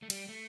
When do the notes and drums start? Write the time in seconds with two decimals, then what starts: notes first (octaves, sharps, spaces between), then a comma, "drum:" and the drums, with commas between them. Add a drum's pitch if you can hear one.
0.02 A3
0.10 G3, drum: cymbal
0.28 A3